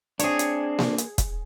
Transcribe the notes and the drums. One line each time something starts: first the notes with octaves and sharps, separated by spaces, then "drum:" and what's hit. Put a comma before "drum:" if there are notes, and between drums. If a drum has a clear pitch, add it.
C4 D4 G#4 C#5, drum: hi-hat
drum: hi-hat
drum: snare A#3
drum: hi-hat
drum: kick E1, hi-hat